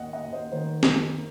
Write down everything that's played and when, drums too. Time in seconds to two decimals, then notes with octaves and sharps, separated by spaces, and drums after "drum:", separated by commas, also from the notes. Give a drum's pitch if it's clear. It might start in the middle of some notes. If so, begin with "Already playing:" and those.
Already playing: D#2 D#5 F#5
0.13 D#5 F#5
0.23 D#2
0.33 C5 D#5
0.52 D#3 C5
0.83 F#1, drum: snare C#4
1.12 A#3